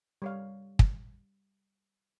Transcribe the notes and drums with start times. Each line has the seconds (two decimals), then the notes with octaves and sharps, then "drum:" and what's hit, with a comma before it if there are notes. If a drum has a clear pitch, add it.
0.22 G3 C#5 F5
0.79 drum: kick